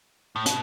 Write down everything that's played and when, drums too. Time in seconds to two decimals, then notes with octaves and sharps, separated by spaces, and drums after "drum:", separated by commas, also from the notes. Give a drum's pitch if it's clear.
0.36 A2
0.46 B2, drum: hi-hat